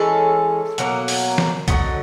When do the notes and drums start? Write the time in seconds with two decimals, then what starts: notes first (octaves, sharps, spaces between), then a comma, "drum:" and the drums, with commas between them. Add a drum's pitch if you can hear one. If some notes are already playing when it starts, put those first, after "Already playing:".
Already playing: E3 G#3 C#4 A4
0.78 B2 F#3 A#3, drum: hi-hat
1.08 drum: open hi-hat
1.38 drum: snare
1.68 D3 F#3 B3 D#5, drum: kick B1, hi-hat